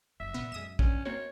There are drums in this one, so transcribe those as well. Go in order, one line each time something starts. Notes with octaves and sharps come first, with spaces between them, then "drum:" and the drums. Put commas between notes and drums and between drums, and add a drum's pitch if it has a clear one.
F#1 E5
A#2 E3 B3
F#2 G#3 D#6 E7
D1 G2 C#4, drum: kick
A#3 C4 F#4 C#5